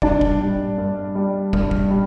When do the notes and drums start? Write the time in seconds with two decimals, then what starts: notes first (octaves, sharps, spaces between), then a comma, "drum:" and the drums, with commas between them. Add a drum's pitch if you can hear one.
0.02 G2 D4 D5, drum: kick
0.21 drum: kick
0.40 G3
0.78 G2
1.15 G3
1.53 G2, drum: kick
1.71 drum: kick
1.90 G3